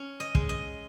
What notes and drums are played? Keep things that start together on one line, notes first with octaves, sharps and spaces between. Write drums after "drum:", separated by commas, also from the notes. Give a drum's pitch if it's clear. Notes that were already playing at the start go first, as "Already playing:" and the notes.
Already playing: C#4
D#5
G#3, drum: kick
D#5